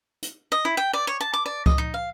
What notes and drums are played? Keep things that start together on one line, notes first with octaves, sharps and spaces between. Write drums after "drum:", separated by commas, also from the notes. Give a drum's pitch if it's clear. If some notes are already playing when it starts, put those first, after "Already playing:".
drum: hi-hat
D#5
E4
G5
D5
C#5
A5
D6
D5
D#5, drum: kick C#2
D#4
F5